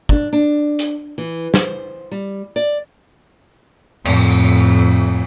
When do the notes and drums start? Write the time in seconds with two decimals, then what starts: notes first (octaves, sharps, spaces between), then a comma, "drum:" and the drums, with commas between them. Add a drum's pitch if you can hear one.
0.09 D4, drum: kick
0.33 D4
0.79 drum: hi-hat
1.18 E3
1.54 C5, drum: snare
2.12 G3
2.56 D5
4.05 F2 A2, drum: cymbal